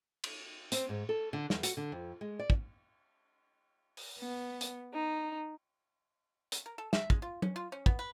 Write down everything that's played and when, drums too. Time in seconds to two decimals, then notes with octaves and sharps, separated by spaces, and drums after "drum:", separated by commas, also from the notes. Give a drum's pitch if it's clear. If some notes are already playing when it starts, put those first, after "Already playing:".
0.24 drum: cymbal
0.72 C4, drum: hi-hat
0.89 G#2
1.09 A4
1.33 D3
1.50 E2, drum: snare
1.63 F#4, drum: hi-hat
1.77 D3
1.92 F2
2.21 G#3
2.39 D5
2.50 drum: kick
3.97 drum: open hi-hat
4.18 B3
4.61 drum: hi-hat
4.93 D#4
6.52 drum: hi-hat
6.66 A#4
6.78 A4
6.93 E5, drum: snare
7.10 G#3, drum: kick
7.22 F4
7.42 C#4, drum: tom
7.56 F4
7.72 C#4
7.86 B3, drum: kick
7.99 B4